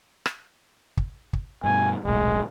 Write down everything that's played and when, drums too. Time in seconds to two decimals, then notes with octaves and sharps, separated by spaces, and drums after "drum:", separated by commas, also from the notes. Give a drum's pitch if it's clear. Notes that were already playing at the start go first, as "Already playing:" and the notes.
0.26 drum: rim click
0.97 drum: kick
1.33 drum: kick
1.64 G2 B2 G#5
2.05 D#1 B1 A2 G#3